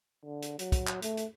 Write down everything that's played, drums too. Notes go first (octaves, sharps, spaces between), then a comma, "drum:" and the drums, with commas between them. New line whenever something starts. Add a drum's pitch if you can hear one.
D3
drum: hi-hat
F#3, drum: hi-hat
drum: kick, hi-hat
drum: clap
A3, drum: hi-hat
drum: hi-hat